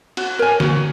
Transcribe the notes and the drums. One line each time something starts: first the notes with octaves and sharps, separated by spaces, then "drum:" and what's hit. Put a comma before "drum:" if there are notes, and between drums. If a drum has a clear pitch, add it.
F#4, drum: cymbal
A#4 C#5 G#5
F#4, drum: snare